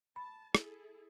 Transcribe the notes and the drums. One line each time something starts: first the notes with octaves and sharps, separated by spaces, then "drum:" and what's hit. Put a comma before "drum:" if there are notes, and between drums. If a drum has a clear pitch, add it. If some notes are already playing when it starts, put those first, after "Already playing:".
A5 B5
E4 G#4 A4, drum: rim click